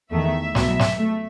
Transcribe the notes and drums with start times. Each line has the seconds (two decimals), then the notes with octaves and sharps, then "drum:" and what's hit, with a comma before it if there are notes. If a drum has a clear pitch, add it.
0.11 E2 D#3 A3 E5
0.55 C2 B2 F#3, drum: snare
0.79 drum: snare
0.98 A3